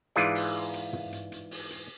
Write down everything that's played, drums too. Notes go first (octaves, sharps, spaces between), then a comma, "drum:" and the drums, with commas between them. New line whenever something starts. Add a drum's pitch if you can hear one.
G#2 E3 F4 G#4 D5, drum: hi-hat
drum: open hi-hat
drum: hi-hat
drum: tom
drum: hi-hat
drum: hi-hat
drum: open hi-hat
drum: hi-hat